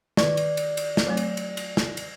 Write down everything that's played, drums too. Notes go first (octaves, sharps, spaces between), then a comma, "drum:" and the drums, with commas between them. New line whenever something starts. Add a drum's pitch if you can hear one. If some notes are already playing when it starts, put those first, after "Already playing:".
D#3 D5 C#6, drum: snare
drum: cymbal
drum: cymbal
drum: cymbal
drum: snare
F#3 A3 C4
drum: cymbal
drum: cymbal
drum: cymbal
drum: snare
drum: cymbal